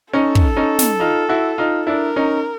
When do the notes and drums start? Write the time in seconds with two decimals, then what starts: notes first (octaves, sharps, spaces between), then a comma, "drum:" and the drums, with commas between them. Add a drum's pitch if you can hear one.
0.13 C#4 D#4 A4
0.35 drum: kick
0.56 C#4 D#4
0.79 drum: snare
1.00 D#4 F4
1.29 E4 F#4
1.58 D#4 F4
1.87 D4 E4 A#4
2.16 C#4 D#4